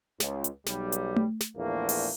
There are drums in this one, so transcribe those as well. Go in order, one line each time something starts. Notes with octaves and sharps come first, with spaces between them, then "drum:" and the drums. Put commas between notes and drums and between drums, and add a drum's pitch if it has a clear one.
C#2, drum: snare
drum: hi-hat
B1 G3, drum: snare
drum: hi-hat
drum: tom A3
drum: snare
A#1 E2 A3 A#3
drum: open hi-hat